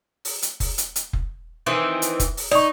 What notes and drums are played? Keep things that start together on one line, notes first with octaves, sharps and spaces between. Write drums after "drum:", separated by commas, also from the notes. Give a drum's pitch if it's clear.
drum: open hi-hat
drum: hi-hat
drum: kick F1, open hi-hat
drum: hi-hat
drum: hi-hat
drum: kick F1
D#3 E3 C4
drum: hi-hat
drum: kick F1, hi-hat
drum: open hi-hat
D#4 D5 C#6